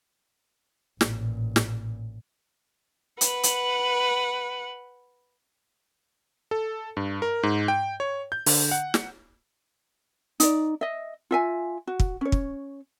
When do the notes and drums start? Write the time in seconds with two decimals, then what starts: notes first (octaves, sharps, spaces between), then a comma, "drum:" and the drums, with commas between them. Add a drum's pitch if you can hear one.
1.01 A1 A#2, drum: snare
1.56 drum: snare
3.21 B4 F#5, drum: hi-hat
3.43 drum: hi-hat
6.51 A4
6.97 G2
7.22 A#4
7.43 G#2
7.68 G5
8.00 C#5
8.32 G6
8.46 D3, drum: open hi-hat
8.71 F#5
8.94 drum: snare
10.40 D#4 D5, drum: hi-hat
10.81 D#5 E5
11.31 F4 E5 G#5
11.87 F#4
12.00 drum: kick
12.21 C#4 C#5
12.32 drum: kick